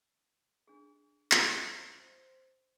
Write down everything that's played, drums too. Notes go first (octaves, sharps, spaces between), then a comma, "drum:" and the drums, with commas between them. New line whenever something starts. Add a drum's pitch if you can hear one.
D4 G#4
C5, drum: clap